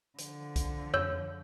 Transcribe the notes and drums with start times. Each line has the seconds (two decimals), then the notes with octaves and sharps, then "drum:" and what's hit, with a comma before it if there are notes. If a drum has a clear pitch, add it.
0.18 D3 F3, drum: hi-hat
0.56 drum: kick, hi-hat
0.94 C#5 E6 G6, drum: tom E2